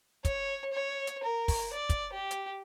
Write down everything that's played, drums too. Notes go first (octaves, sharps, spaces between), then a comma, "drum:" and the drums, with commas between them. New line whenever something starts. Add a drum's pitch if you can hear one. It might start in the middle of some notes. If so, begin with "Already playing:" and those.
C#5, drum: kick, hi-hat
C#5
drum: hi-hat
A#4
drum: kick, open hi-hat
D5
drum: kick, hi-hat
G4
drum: hi-hat